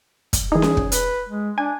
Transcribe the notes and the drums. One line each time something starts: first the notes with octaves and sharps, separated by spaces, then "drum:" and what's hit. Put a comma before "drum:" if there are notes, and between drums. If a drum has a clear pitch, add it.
drum: kick, hi-hat
E3 D#4 G#4
drum: snare C#4
drum: kick
B4, drum: hi-hat
G#3
D4 G#5